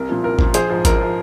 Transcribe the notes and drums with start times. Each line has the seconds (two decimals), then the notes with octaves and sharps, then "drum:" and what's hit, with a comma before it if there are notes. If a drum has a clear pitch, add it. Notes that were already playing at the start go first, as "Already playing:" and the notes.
Already playing: C2 A#4
0.09 A#2 F3
0.23 C2 A#4
0.39 A#2 F3, drum: kick G#1
0.54 A#1 G#4 C5, drum: hi-hat
0.70 G#2 F3
0.85 A#1 A#4, drum: kick G#1, hi-hat
1.01 F3